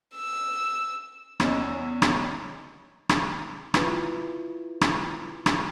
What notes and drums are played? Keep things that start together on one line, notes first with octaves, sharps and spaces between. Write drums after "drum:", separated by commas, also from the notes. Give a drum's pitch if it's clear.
E6
E2 C#4 D#5 E6, drum: rim click
drum: rim click
drum: rim click
E4 F4 B4, drum: rim click
drum: rim click
drum: rim click